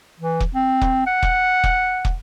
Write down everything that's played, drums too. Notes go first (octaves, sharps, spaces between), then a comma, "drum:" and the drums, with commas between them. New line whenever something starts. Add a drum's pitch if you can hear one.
E3
drum: kick
C4
drum: kick
F#5
drum: kick
drum: kick
drum: kick